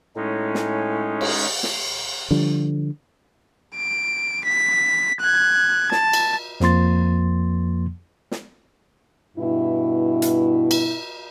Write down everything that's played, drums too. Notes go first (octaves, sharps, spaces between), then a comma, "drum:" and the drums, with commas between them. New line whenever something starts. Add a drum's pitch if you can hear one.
A2 G#3 C#4 D#4
drum: snare
drum: cymbal
drum: snare
D3 F3 G3
D7
B6
F#6 G#6
A5, drum: snare
drum: cymbal
F2 F3 A#3 C6 A6, drum: snare
drum: snare
G2 B2 E4
drum: hi-hat
drum: cymbal